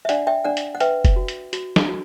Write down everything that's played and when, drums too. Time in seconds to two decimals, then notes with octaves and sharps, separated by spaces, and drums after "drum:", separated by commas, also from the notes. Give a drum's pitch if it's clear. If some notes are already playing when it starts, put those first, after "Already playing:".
0.05 E5
0.09 D4 D5 F#5, drum: hi-hat
0.27 E5 G5
0.44 D4 D5 F#5
0.57 drum: hi-hat
0.75 F#5
0.80 B4 E5 G5, drum: hi-hat
1.05 drum: kick F1, hi-hat
1.16 F#4
1.28 drum: hi-hat
1.53 F#4, drum: hi-hat
1.76 drum: snare
1.89 F#4